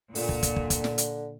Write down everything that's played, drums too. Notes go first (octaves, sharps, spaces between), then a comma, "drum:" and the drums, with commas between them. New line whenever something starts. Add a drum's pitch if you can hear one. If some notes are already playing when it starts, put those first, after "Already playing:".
A#2 D3, drum: open hi-hat
drum: kick
drum: kick, hi-hat
drum: kick
drum: kick, hi-hat
drum: snare
drum: hi-hat